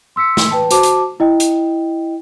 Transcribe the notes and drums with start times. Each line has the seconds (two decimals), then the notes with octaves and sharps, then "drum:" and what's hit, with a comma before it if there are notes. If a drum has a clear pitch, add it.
0.16 C6 E6 B6 C#7
0.37 drum: snare
0.51 B4 G5 A5
0.71 F#4 C5 A5 D6, drum: hi-hat
0.83 drum: hi-hat
1.20 E4 D#5 G5
1.40 drum: hi-hat